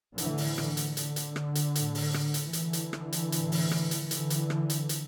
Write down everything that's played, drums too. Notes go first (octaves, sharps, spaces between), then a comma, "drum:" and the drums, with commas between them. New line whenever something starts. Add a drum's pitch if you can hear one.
A2 D3 E3, drum: hi-hat
drum: open hi-hat
D3, drum: rim click
drum: hi-hat
D3, drum: hi-hat
drum: hi-hat
drum: rim click
drum: hi-hat
A2, drum: hi-hat
drum: open hi-hat
drum: rim click
drum: hi-hat
D3 E3, drum: hi-hat
drum: hi-hat
drum: rim click
drum: hi-hat
A2, drum: hi-hat
drum: open hi-hat
drum: rim click
drum: hi-hat
D3 E3, drum: hi-hat
drum: hi-hat
drum: rim click
drum: hi-hat
drum: hi-hat